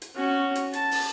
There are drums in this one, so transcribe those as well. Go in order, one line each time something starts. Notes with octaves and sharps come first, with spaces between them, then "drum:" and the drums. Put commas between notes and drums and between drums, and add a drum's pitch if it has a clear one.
drum: hi-hat
C#4 F#4
drum: hi-hat
A5, drum: hi-hat
drum: open hi-hat